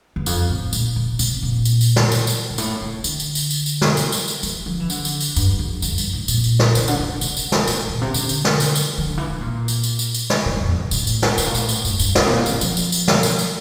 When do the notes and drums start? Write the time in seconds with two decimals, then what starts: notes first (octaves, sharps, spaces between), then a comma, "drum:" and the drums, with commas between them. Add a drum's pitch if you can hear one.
0.16 E2
0.26 F2, drum: tambourine
0.50 A2
0.73 A#2, drum: tambourine
0.96 C3
1.19 C3, drum: tambourine
1.43 A#2
1.65 drum: tambourine
1.81 drum: tambourine
1.96 drum: snare
2.12 drum: tambourine
2.27 drum: tambourine
2.50 G2
2.58 A2, drum: tambourine
2.82 C3
3.04 D3, drum: tambourine
3.20 drum: tambourine
3.35 drum: tambourine
3.51 drum: tambourine
3.66 drum: tambourine
3.81 drum: snare
3.97 drum: tambourine
4.12 drum: tambourine
4.28 drum: tambourine
4.43 E3, drum: tambourine
4.66 F3
4.80 E3
4.90 D3, drum: tambourine
5.05 drum: tambourine
5.20 drum: tambourine
5.36 G2, drum: tambourine
5.59 F2
5.82 F2, drum: tambourine
5.98 G2, drum: tambourine
6.13 A2
6.28 A#2, drum: tambourine
6.44 drum: tambourine
6.59 drum: snare
6.75 C3, drum: tambourine
6.88 D3, drum: tambourine
7.00 C3
7.21 C3, drum: tambourine
7.37 drum: tambourine
7.52 drum: snare
7.68 A2, drum: tambourine
7.89 A#2
8.01 C3
8.14 D3, drum: tambourine
8.29 drum: tambourine
8.45 drum: snare
8.60 drum: tambourine
8.75 drum: tambourine
8.98 E3
9.06 D3
9.18 E3
9.30 C3
9.41 A#2
9.68 drum: tambourine
9.84 drum: tambourine
9.99 drum: tambourine
10.14 drum: tambourine
10.30 drum: snare
10.46 A2
10.57 F2
10.68 E2
10.80 F2
10.91 A2, drum: tambourine
11.07 drum: tambourine
11.22 drum: snare
11.38 A2, drum: tambourine
11.46 A#2
11.55 A2, drum: tambourine
11.69 drum: tambourine
11.85 G2, drum: tambourine
11.99 G2, drum: tambourine
12.15 A2, drum: snare
12.26 C3
12.30 A#2
12.46 C3, drum: tambourine
12.61 F3, drum: tambourine
12.77 drum: tambourine
12.92 drum: tambourine
13.08 drum: snare
13.23 drum: tambourine
13.39 drum: tambourine